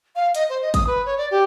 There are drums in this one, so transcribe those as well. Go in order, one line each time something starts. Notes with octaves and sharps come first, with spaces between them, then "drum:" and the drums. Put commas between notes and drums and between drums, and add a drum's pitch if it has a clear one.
F5
D#5, drum: hi-hat
C5
D#5
D#6, drum: kick, hi-hat
B4
C#5
D5
G4